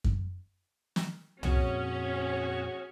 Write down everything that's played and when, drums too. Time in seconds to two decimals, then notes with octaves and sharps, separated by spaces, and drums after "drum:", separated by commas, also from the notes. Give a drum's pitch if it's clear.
0.04 drum: kick F#2
0.96 drum: snare
1.43 F2 A#2 C#4 F#4 G#4 C#5, drum: tom